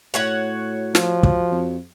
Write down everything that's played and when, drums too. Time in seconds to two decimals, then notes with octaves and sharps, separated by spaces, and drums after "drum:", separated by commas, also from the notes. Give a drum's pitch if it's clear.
0.14 A2 F#4 C#5 F#5
0.95 F3, drum: snare
1.23 drum: kick
1.51 F2